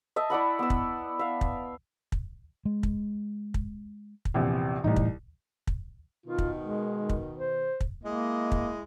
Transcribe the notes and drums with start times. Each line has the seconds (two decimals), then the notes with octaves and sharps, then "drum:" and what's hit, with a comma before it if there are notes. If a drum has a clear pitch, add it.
0.16 D#5 E5 A5
0.30 E4 D5 F#5 B5
0.59 B3 E6
0.70 drum: kick
1.19 E5 F5
1.41 drum: kick
2.12 drum: kick
2.65 G#3
2.83 drum: kick
3.54 drum: kick
4.25 drum: kick
4.34 A#1 E2 C3
4.84 C2 A2 E3 D#4
4.96 drum: kick
5.67 drum: kick
6.26 B2 D#3 F4
6.38 drum: kick
6.61 G#3
7.09 drum: kick
7.39 C5
7.81 drum: kick
8.04 G#3 A#3 E4 D#5
8.52 drum: kick